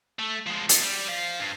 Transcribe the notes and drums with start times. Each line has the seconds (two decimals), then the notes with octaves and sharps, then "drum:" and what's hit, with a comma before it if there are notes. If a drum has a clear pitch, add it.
0.19 A3
0.46 F3 G#3
0.69 E2, drum: hi-hat
0.82 G3
1.08 C5 F5
1.40 G2